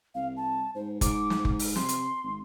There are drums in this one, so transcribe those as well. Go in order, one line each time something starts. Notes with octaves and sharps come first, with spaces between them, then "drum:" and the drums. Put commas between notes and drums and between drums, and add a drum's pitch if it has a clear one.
C2 F5
A5
G#2 C5
G#2 D6, drum: kick F1, hi-hat
drum: snare
drum: kick F1
drum: open hi-hat
C3 C6, drum: snare
drum: hi-hat
G#1